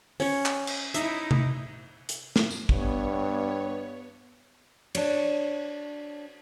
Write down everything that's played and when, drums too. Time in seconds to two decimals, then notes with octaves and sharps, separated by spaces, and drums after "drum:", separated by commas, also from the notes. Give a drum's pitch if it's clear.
0.20 C#4 C#5, drum: open hi-hat
0.46 drum: clap
0.67 drum: cymbal
0.94 D#4 E4 E5, drum: hi-hat
1.31 drum: tom C3
2.09 drum: hi-hat
2.36 drum: snare
2.50 drum: tambourine
2.69 G2 B3 C#5, drum: kick A1
4.95 D4 C#5, drum: cymbal